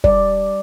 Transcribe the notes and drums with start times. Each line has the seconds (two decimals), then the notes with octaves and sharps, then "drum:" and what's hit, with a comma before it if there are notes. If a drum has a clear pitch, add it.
0.04 G3 D5, drum: kick